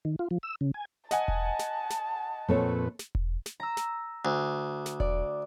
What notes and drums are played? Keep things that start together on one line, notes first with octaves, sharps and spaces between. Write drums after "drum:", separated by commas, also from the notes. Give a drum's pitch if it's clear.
D#3
F4
F3
E6
C#3
G#5
D#5 F#5 G#5 A5, drum: snare
drum: kick E1
drum: snare
drum: snare
F2 A#2 A3 C4 B4 C#5
drum: snare
drum: kick E1
drum: snare
A#5 E6
drum: snare
D2
drum: snare
D5, drum: kick E1